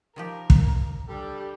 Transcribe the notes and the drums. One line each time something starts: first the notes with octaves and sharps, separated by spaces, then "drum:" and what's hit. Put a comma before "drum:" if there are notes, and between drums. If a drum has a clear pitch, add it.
D#3 F3 G4 A#4
drum: kick
G3 D4 G4 A4